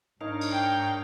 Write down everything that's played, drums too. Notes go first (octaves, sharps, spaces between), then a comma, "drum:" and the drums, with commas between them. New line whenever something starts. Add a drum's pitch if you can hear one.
G#2 D4 D#4 A#4 C#5 F5
drum: cymbal
G5